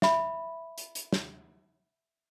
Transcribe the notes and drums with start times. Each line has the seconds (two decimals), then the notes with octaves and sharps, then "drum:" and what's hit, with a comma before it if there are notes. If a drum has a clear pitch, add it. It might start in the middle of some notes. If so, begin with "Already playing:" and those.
0.02 E5 B5, drum: snare
0.78 drum: hi-hat
0.95 drum: hi-hat
1.13 drum: snare